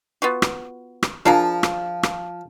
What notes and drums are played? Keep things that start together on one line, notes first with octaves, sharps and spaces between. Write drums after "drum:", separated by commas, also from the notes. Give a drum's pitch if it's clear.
B3 F4 F#4
drum: rim click
drum: rim click
F3 D4 G#4 A#4
drum: rim click
drum: rim click